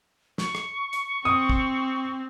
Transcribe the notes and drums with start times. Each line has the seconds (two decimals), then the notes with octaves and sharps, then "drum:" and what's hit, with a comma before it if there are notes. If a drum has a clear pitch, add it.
0.38 C#6, drum: snare
0.55 drum: rim click
0.93 drum: hi-hat
1.25 C4 D#6
1.49 drum: kick